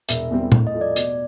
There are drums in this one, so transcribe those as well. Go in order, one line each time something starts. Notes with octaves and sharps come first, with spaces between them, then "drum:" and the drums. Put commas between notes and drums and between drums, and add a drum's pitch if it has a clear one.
E1 E5, drum: hi-hat
E2 B2 G3 C4
A2, drum: tom A#2
D#5
F3 A3
D5
B2, drum: hi-hat